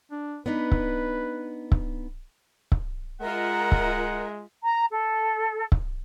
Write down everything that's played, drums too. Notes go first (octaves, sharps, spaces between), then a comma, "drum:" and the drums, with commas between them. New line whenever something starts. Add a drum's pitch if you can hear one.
D4
B3 D4 D#4 B4
drum: kick C#1
drum: kick C#1
drum: kick C#1
G#3 F4 A#4 D#5 E5 F#5
drum: kick C#1
A#5
A4
drum: kick C#1